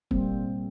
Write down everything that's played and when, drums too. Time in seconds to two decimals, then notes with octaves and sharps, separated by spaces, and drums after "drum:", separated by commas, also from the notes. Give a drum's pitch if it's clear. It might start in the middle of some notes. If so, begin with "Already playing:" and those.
0.11 A#2 G3 A#3 C4, drum: kick